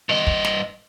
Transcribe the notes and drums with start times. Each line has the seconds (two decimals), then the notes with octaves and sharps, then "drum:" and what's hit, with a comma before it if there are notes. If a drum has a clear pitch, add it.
0.09 G2 D#5
0.27 drum: kick
0.45 drum: snare